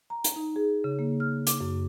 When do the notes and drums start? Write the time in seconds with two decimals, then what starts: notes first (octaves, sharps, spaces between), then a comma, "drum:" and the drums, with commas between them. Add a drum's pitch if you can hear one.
0.10 A#5
0.24 drum: hi-hat
0.36 D#4
0.56 G#4
0.84 C#3
0.99 A#3
1.20 F6
1.47 D6, drum: hi-hat
1.61 F#2